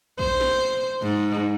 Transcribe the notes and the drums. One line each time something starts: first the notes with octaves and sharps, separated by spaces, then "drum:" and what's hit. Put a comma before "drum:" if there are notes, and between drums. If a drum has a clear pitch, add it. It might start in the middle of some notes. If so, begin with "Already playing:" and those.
C5, drum: kick
drum: snare
G#2